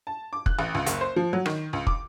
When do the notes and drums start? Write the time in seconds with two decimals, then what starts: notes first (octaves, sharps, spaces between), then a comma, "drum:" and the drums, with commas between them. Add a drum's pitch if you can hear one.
0.07 A5
0.33 D6
0.46 F#6, drum: kick
0.59 A1
0.75 C#2
0.86 F#1, drum: hi-hat
1.01 C5
1.16 F3
1.33 F#3
1.46 D#3, drum: rim click
1.73 C#2
1.87 D6, drum: kick